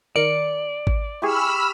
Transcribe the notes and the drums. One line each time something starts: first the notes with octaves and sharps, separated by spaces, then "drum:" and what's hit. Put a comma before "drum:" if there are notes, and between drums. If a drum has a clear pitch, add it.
D#3 A#4 D5 C#7
drum: kick G#1
E4 G4 G#4 G#5 B5 C#6 E6 F6